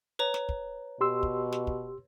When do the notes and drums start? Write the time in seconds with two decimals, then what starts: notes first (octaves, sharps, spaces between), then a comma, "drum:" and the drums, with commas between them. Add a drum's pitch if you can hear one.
0.19 B4 C#5 A#5
0.34 drum: snare
0.49 drum: kick
1.01 B2 G4 C6 E6
1.23 drum: kick
1.52 drum: snare
1.67 drum: kick